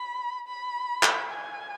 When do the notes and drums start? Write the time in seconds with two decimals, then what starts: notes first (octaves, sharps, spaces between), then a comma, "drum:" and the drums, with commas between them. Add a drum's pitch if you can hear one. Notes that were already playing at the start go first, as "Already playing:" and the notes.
Already playing: B5
0.47 B5
1.03 drum: clap
1.31 G#5